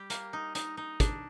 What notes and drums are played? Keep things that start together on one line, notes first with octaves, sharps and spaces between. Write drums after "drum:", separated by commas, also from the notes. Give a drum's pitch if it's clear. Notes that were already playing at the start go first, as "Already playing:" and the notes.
Already playing: G3 G4
A#3, drum: hi-hat
D#4
D#4, drum: hi-hat
D#4
D4, drum: kick, hi-hat